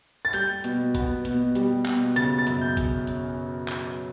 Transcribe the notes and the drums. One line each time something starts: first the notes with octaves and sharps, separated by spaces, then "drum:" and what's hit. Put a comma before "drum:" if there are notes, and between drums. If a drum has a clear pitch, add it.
A6
G3 G6, drum: hi-hat
B2, drum: hi-hat
B3, drum: kick G#1, hi-hat
B2, drum: hi-hat
G3, drum: hi-hat
B2, drum: clap
C#3 A6, drum: hi-hat
A6
F#2, drum: hi-hat
G6
drum: kick G#1, hi-hat
drum: hi-hat
drum: clap